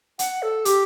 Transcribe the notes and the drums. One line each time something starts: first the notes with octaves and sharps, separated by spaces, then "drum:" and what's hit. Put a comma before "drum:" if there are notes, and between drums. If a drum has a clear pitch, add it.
F#5, drum: hi-hat
A4
G4, drum: hi-hat